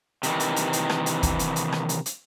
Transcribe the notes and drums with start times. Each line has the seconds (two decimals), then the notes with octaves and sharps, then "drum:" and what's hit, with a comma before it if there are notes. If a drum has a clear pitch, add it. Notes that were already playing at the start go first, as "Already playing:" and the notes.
0.23 C3 D#3 E3, drum: hi-hat
0.40 drum: hi-hat
0.56 drum: hi-hat
0.73 drum: hi-hat
0.90 drum: rim click
1.06 drum: hi-hat
1.23 drum: kick, hi-hat
1.39 drum: hi-hat
1.56 drum: hi-hat
1.72 drum: rim click
1.89 drum: hi-hat
2.06 drum: hi-hat